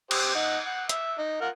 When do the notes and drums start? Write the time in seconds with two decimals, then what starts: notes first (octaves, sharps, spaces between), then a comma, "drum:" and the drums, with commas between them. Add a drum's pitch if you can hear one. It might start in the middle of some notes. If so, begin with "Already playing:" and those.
0.11 G4 C5, drum: cymbal
0.35 D#4 F#5
0.66 F#5
0.89 E5, drum: hi-hat
1.19 D#4
1.41 F4 A#4 F#5